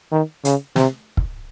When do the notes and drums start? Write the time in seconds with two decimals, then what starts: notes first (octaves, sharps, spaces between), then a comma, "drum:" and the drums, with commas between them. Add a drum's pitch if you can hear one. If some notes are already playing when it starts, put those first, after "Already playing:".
0.12 D#3
0.45 C#3, drum: hi-hat
0.76 C3, drum: snare
1.17 drum: kick